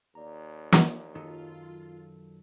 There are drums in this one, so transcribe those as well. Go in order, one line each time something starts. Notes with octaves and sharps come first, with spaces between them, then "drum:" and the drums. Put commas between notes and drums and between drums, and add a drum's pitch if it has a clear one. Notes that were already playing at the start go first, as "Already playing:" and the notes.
D#2 D5 A#5
drum: snare
F#2 D#3 F#3 F4 A4